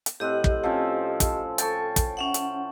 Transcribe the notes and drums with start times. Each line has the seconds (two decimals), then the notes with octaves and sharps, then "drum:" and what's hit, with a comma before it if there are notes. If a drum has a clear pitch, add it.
0.06 drum: hi-hat
0.20 A2 C4 G4 D#5 F#5
0.44 drum: kick
0.63 F3 C4 C#4
1.20 drum: kick, hi-hat
1.58 A4 G5 A5 C#6, drum: hi-hat
1.96 drum: kick, hi-hat
2.17 C#4 E5 F#5
2.34 drum: hi-hat